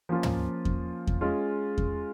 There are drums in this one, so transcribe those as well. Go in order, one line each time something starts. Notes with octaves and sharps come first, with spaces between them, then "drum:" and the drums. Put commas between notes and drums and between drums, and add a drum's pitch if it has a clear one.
F3 A#3 C#4 F4
drum: tom
drum: kick E2
drum: kick E2
G#3 C#4 F4
drum: kick E2